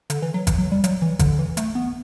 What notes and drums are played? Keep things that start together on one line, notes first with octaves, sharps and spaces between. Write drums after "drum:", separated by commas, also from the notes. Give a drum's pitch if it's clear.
D3, drum: hi-hat
E3
F#3
E3, drum: kick G#1, hi-hat
F#3
G3
F#3, drum: hi-hat
E3
D3, drum: kick G#1, hi-hat
E3
A3, drum: hi-hat
B3